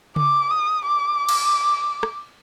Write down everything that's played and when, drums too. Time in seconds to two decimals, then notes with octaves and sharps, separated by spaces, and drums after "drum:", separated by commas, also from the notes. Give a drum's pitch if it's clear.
0.16 D6, drum: tom C#3
0.51 D#6
0.85 D6
1.29 drum: cymbal
2.03 drum: rim click